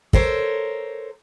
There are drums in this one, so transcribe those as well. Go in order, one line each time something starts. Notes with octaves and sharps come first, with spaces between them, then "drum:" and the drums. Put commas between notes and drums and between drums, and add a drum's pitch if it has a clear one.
A4 A#4 C5 C#5, drum: kick